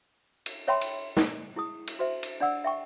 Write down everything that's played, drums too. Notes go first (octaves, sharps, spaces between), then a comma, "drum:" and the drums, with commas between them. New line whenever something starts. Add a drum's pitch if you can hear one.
drum: cymbal
A#4 C#5 E5 G5 B5 C6
drum: cymbal
drum: snare
E4 G#4 D#6
drum: cymbal
F#4 C5 E5
drum: cymbal
D4 D5 F#5 E6
E5 G5 C#6